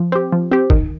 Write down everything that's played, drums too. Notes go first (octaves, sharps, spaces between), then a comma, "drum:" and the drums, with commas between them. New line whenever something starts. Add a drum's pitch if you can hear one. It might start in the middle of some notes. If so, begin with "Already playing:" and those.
Already playing: F3
C4 G4
F3
C4 G4
D#3, drum: kick